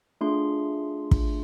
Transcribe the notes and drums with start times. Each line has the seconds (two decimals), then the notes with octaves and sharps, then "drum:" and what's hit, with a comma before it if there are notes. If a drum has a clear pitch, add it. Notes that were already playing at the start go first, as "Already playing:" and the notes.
0.21 A3 D4 F4 G#4 C6
1.11 drum: kick